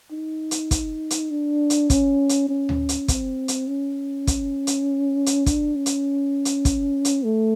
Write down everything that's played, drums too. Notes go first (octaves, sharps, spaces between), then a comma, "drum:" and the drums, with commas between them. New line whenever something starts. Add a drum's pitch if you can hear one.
D#4
drum: hi-hat
drum: kick, hi-hat
drum: hi-hat
D4
drum: hi-hat
C#4, drum: kick, hi-hat
drum: hi-hat
C#4
drum: tom D2
drum: hi-hat
C4, drum: kick, hi-hat
drum: hi-hat
C#4
drum: kick, hi-hat
drum: hi-hat
drum: hi-hat
D4, drum: kick, hi-hat
C#4
drum: hi-hat
drum: hi-hat
drum: kick, hi-hat
drum: hi-hat
A3